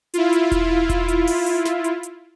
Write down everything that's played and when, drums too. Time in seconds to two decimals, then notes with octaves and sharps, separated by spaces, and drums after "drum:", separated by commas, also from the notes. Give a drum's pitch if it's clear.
0.14 E4 F4, drum: hi-hat
0.33 drum: hi-hat
0.52 drum: kick E1, hi-hat
0.89 drum: kick E1, hi-hat
1.08 drum: hi-hat
1.27 drum: open hi-hat
1.46 drum: hi-hat
1.65 drum: snare
1.84 drum: hi-hat
2.03 drum: hi-hat